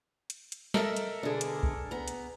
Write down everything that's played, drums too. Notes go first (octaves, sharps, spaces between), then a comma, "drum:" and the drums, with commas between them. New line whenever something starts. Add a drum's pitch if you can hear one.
drum: hi-hat
drum: hi-hat
A4 A#4 D#5 E5, drum: snare
drum: hi-hat
B2 D3 D4 G#4
drum: hi-hat
drum: kick C2
B3 A#5
drum: hi-hat